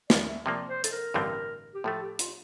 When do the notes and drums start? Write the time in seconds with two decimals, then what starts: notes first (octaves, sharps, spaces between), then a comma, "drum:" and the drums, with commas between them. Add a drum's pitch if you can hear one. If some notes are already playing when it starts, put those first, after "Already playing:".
0.10 D5, drum: snare
0.28 E5
0.46 C3 F3 A#3 D5
0.68 C5
0.84 A4, drum: hi-hat
0.92 A#4
1.14 A1 G2 D3 A3 C4
1.74 G4
1.84 A2 F3 A3 A4
2.02 G4
2.19 F4, drum: hi-hat